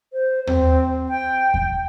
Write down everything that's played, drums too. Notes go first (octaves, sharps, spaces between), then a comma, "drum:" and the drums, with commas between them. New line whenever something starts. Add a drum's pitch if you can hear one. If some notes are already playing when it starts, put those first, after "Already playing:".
C5
C4, drum: tom D#2
G5
drum: kick E2